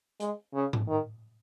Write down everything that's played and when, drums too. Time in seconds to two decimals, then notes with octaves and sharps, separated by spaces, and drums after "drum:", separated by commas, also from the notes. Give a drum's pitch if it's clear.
0.20 G#3, drum: hi-hat
0.54 C#3
0.73 drum: tom G#2
0.88 D#3